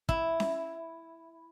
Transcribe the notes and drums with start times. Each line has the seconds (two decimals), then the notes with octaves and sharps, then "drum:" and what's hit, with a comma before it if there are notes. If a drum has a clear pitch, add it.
0.09 E4, drum: kick
0.40 drum: snare C#4